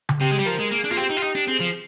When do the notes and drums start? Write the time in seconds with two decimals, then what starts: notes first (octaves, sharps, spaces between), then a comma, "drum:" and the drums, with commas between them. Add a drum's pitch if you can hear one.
0.09 drum: tom C#3
0.21 C3 G4
0.31 G#3
0.39 G3
0.46 F3 A#4
0.59 G#3
0.71 A#3 G#4
0.84 D4
0.90 A#3 F4
0.97 C4 G4
1.10 D#4
1.17 F4
1.22 D#4 G4
1.35 D4
1.47 C4 G#4
1.61 F3